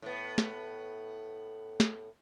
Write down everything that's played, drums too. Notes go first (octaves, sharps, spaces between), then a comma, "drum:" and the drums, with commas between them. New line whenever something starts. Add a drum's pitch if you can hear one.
A2 B3
drum: snare
drum: snare